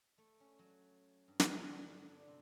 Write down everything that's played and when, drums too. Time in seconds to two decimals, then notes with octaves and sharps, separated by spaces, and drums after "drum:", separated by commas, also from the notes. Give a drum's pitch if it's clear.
0.18 A3
0.40 C#4
0.59 F#3
1.28 G2
1.40 drum: snare
1.60 D3
1.72 B3
2.09 D4
2.28 C3